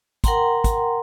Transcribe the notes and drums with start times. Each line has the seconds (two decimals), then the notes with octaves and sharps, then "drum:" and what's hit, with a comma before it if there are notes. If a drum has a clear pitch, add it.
0.24 A#4 F#5 G5 A#5 C6, drum: kick, hi-hat
0.64 drum: kick, hi-hat